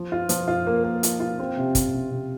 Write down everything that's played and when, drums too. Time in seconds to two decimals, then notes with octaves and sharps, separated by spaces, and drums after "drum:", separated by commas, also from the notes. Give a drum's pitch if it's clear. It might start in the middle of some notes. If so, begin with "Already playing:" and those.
Already playing: F3
0.12 F4
0.29 F3, drum: hi-hat
0.48 F4
0.67 A#3
0.84 A#3
1.03 F4, drum: hi-hat
1.20 F4
1.39 C4
1.57 C3
1.75 C3, drum: kick, hi-hat
1.94 C3
2.11 C3